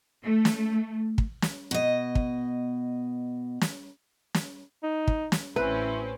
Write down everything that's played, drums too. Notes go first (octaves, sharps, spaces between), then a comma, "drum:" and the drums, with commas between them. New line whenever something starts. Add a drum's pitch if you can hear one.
A3
drum: snare
drum: kick
drum: snare
B2 D#5
drum: kick
drum: snare
drum: snare
D#4
drum: kick
drum: snare
A1 C4 C#4 E4 B4